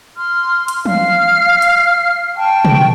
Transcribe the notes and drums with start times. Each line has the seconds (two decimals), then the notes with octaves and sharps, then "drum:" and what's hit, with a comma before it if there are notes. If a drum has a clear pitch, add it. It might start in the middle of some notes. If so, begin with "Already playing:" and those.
0.17 C6 F6
0.68 drum: hi-hat
0.85 F5 F6, drum: tom E3
1.62 drum: hi-hat
2.36 G5 A5 C#6
2.65 drum: tom